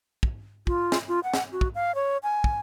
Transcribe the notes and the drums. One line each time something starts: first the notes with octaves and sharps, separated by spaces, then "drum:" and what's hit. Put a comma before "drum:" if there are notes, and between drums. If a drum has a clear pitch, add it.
drum: kick
F4, drum: kick
drum: snare
F4
F#5
drum: snare
F#4
drum: kick
F5
C#5
G#5
drum: kick